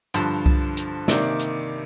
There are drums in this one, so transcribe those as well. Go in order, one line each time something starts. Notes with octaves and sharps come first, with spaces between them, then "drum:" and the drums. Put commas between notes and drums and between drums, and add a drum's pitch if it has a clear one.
G2 D3 F3 C5, drum: hi-hat
drum: kick C2
drum: hi-hat
C3 D#3 A#3 D5, drum: snare
drum: hi-hat